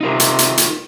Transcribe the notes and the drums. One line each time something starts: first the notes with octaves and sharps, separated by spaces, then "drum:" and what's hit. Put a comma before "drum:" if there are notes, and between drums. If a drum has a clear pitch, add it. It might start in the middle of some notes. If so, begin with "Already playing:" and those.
C3 D#4 F4 A#4
drum: hi-hat
drum: hi-hat
drum: hi-hat